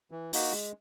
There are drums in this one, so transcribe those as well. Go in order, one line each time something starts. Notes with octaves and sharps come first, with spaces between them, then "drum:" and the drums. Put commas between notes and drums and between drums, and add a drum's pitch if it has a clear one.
E3
A#3 D#4 F#4, drum: open hi-hat
G#3